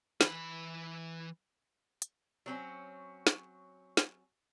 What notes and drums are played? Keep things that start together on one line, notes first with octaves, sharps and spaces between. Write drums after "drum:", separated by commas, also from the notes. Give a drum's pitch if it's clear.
E3 B5, drum: snare
drum: hi-hat
F#3 C4 C#4
drum: snare
drum: snare